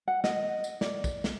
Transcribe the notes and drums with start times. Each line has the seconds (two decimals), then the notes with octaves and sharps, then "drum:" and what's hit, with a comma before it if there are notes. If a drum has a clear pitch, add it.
0.08 F#5
0.24 D#5, drum: snare
0.64 drum: tambourine
0.81 D5, drum: snare
1.04 drum: kick, tambourine
1.24 drum: snare